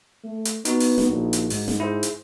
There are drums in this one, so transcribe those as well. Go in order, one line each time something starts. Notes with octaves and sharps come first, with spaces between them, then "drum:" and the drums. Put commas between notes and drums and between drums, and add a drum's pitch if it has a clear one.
A3
drum: hi-hat
B3 D#4 F#4, drum: hi-hat
drum: open hi-hat
drum: snare
A#1
drum: hi-hat
G#2, drum: open hi-hat
drum: snare
E4 G#4 C5
drum: hi-hat